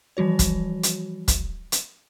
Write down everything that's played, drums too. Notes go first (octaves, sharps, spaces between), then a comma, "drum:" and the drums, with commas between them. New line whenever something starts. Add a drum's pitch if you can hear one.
E3 F3 G3 F#4 C#5
drum: kick, hi-hat
drum: hi-hat
drum: kick, hi-hat
drum: hi-hat